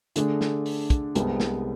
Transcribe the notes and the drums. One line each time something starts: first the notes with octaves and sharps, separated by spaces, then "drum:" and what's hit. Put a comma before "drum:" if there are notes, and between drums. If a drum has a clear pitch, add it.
D3 A3 D4 G#4, drum: hi-hat
drum: snare
drum: open hi-hat
drum: kick, hi-hat
C2 C3 G#3 B3, drum: hi-hat
drum: snare